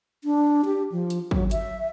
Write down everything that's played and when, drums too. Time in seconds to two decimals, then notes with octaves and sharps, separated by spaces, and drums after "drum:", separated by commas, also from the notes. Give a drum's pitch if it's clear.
0.24 D4
0.65 G4
0.92 F3
1.10 drum: hi-hat
1.31 F#3, drum: kick
1.51 E5, drum: hi-hat